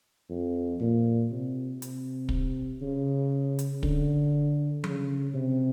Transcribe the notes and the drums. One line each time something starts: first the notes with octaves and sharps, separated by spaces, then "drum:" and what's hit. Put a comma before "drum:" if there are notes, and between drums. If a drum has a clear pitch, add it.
F2
A#2
C3
C3, drum: hi-hat
drum: kick
C#3
drum: hi-hat
D3, drum: kick
C#3, drum: tom F3
C3